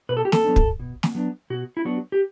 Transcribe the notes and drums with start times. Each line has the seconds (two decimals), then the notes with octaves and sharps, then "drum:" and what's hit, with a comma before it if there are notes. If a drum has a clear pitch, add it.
0.09 B2 B4
0.17 A4
0.25 G4
0.32 A4, drum: snare
0.44 F#3 B3 D4
0.56 drum: kick
0.79 B2
1.03 drum: snare
1.15 F#3 B3 D4
1.50 B2 F#4
1.77 E4
1.85 F#3 B3 D4 F#4
2.12 G4